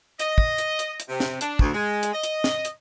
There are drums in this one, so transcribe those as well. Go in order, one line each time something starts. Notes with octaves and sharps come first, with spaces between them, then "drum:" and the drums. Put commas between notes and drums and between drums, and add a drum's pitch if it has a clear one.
D#5, drum: hi-hat
drum: kick
drum: hi-hat
drum: hi-hat
drum: hi-hat
C3
drum: snare
D4, drum: hi-hat
D2, drum: kick
G#3
drum: hi-hat
D#5
drum: hi-hat
drum: snare
drum: hi-hat